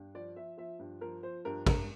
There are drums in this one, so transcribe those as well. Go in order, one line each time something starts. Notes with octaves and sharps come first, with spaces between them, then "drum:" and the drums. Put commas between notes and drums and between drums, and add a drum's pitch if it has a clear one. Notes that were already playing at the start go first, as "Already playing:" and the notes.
Already playing: G2
F3 D5
F3 E5
F3 E5
G2
F3 A#4
F3 C5
G2 A#4
G2 A#4, drum: kick, cymbal